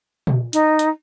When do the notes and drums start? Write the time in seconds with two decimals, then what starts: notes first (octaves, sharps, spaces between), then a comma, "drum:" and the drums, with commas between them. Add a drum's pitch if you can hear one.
0.27 drum: tom A#2
0.53 D#4, drum: hi-hat
0.79 drum: hi-hat